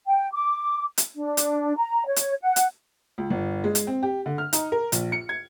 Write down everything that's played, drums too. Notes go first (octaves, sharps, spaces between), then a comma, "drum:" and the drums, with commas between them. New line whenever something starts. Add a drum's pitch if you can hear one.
G5
D6
drum: hi-hat
D4
drum: hi-hat
A#5
C#5
drum: hi-hat
F#5
drum: hi-hat
C#2
G1
G#3
drum: hi-hat
C4
G4
D3
F6
D#4, drum: hi-hat
A#4
A#1, drum: hi-hat
C#7
G#6